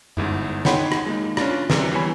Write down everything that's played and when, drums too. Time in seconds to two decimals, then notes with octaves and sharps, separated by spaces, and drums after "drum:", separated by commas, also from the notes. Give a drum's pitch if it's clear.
0.17 G1 G#2 E4, drum: tom F#2
0.65 D#4 C#5 F#5 G5 B5 C6, drum: snare
0.92 drum: rim click
1.06 G#3 A#3 D#4
1.37 C#4 D4 F4 D5, drum: rim click
1.70 F#2 C3 E3 D5, drum: snare
1.92 E2 E3 G3 C#5 G#5 B5